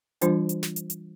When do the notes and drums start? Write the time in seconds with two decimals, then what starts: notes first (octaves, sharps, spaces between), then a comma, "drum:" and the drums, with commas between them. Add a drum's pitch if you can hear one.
0.21 E3 G3 D4 F4 C5, drum: hi-hat
0.49 drum: hi-hat
0.63 drum: snare
0.76 drum: hi-hat
0.90 drum: hi-hat